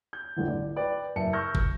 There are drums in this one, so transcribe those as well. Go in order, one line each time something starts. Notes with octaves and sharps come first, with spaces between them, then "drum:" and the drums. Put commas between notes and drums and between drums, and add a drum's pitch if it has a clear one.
G6
A1 G2 D3 E3
D5
B4 D5 G5
F#1 A#4 E5 A5 C#7
C#6 E6 F6 G6 A#6
drum: kick